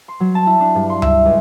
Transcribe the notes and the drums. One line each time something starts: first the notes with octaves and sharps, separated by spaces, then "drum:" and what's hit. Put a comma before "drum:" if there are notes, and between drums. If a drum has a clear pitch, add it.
C6
F#3
A5
E4
D4
G2
C6
E5, drum: tom C#2
C#2